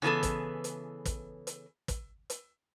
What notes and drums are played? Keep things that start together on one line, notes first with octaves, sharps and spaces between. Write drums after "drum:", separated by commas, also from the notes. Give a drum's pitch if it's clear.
C#3 E3 B3 G#4 A4
drum: kick, hi-hat
drum: hi-hat
drum: kick, hi-hat
drum: hi-hat
drum: kick, hi-hat
drum: hi-hat